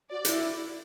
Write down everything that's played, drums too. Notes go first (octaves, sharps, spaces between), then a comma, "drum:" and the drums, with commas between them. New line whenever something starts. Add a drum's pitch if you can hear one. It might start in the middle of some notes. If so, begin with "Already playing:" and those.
F#4 D5
E4, drum: hi-hat